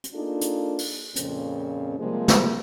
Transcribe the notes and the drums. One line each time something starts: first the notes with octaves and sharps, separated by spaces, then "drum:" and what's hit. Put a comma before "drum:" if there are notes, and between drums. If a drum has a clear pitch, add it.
drum: hi-hat
A#3 D4 D#4 F4 G#4 A4
drum: hi-hat
drum: open hi-hat
F2 A#2 C#3 C4 C#4, drum: hi-hat
C3 F3 G3 G#3 A#3
drum: snare